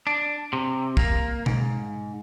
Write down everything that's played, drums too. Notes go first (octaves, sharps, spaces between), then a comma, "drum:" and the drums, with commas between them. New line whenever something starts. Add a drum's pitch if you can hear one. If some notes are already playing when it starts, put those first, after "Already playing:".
D4
C3
A#3, drum: kick
G#2, drum: tom B2